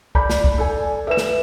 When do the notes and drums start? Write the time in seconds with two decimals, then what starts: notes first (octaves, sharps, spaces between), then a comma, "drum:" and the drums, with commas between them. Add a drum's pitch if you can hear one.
0.15 D5 B5 G6, drum: kick
0.30 drum: snare
0.44 drum: kick
0.58 A4 D5 G#5
1.07 A4 B4 E5 E7
1.17 drum: snare